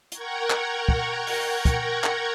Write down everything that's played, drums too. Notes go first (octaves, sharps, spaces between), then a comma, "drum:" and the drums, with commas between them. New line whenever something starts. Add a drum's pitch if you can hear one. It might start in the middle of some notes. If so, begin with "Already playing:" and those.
A#4 F#5 G5 A#5 C#6 G#6, drum: hi-hat
drum: clap
drum: kick
drum: open hi-hat
drum: kick, hi-hat
drum: clap